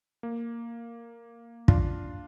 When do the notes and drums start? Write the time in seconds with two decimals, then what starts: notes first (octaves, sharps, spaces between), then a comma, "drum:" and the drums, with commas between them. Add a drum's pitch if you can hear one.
0.23 A#3
1.68 D4 F4, drum: kick